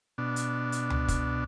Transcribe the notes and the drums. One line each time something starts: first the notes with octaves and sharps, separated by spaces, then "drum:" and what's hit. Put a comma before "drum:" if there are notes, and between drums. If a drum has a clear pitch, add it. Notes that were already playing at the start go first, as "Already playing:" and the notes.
B2 D4
drum: hi-hat
drum: hi-hat
drum: tom C#2
drum: kick, hi-hat